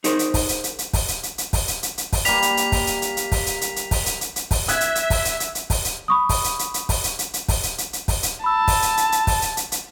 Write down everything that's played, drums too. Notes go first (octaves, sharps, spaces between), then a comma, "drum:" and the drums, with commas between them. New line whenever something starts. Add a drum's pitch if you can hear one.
D#4 G#4 A#4 C5, drum: hi-hat
drum: hi-hat
drum: kick, open hi-hat
drum: hi-hat
drum: hi-hat
drum: hi-hat
drum: kick, open hi-hat
drum: hi-hat
drum: hi-hat
drum: hi-hat
drum: kick, open hi-hat
drum: hi-hat
drum: hi-hat
drum: hi-hat
drum: kick, open hi-hat
G3 A#3 B6 F7, drum: hi-hat
drum: hi-hat
drum: hi-hat
drum: kick, open hi-hat
drum: hi-hat
drum: hi-hat
drum: hi-hat
drum: kick, open hi-hat
drum: hi-hat
drum: hi-hat
drum: hi-hat
drum: kick, open hi-hat
drum: hi-hat
drum: hi-hat
drum: hi-hat
drum: kick, open hi-hat
E5 F#6 G#6, drum: hi-hat
drum: hi-hat
drum: hi-hat
drum: kick, open hi-hat
drum: hi-hat
drum: hi-hat
drum: hi-hat
drum: kick, open hi-hat
drum: hi-hat
B5 C#6 D#6
drum: kick, open hi-hat
drum: hi-hat
drum: hi-hat
drum: hi-hat
drum: kick, open hi-hat
drum: hi-hat
drum: hi-hat
drum: hi-hat
drum: kick, open hi-hat
drum: hi-hat
drum: hi-hat
drum: hi-hat
drum: kick, open hi-hat
drum: hi-hat
A5 B5 E6
drum: kick, open hi-hat
drum: hi-hat
drum: hi-hat
drum: hi-hat
drum: kick, open hi-hat
drum: hi-hat
drum: hi-hat
drum: hi-hat